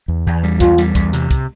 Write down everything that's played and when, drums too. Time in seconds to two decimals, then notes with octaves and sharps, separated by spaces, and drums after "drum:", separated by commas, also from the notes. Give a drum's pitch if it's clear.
0.08 E2
0.27 E2
0.43 G3
0.60 E2 F4, drum: kick, hi-hat
0.78 G3, drum: hi-hat
0.95 E2, drum: kick, hi-hat
1.13 C3, drum: hi-hat
1.31 drum: kick, hi-hat